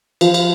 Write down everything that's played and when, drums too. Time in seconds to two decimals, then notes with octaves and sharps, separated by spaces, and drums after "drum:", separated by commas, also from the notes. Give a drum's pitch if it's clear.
0.21 F3, drum: cymbal
0.34 drum: cymbal